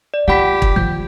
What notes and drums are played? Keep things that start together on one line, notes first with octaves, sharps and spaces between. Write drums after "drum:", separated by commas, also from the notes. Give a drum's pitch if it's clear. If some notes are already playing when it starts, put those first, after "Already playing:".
D5
F4 G4 F#5 B5 B6
drum: kick
F3 G6